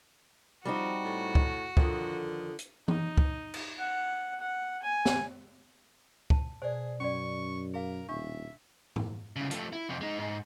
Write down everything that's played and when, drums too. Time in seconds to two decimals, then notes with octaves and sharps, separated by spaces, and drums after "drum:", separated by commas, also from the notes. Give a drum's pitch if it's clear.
0.65 F3 G3 C4 D#4 F#4
1.04 A2
1.35 drum: kick
1.77 F2 D3 D#3, drum: kick
2.59 drum: hi-hat
2.88 D#4, drum: tom E3
3.17 drum: kick
3.54 drum: cymbal
3.78 F#5
4.40 F#5
4.82 G#5
5.05 drum: snare
6.30 A5, drum: kick
6.62 B2 G#4 C5 D5
7.00 F#2 C#4 F#4 D5 C#6
7.74 G#4 A#4 F5
8.09 D#1 D4 E5 C#6
8.96 drum: tom G#2
9.36 C2 C#3
9.51 F3 A3, drum: hi-hat
9.73 E4
9.89 F2 C3
10.01 G#3 D#4
10.18 G#2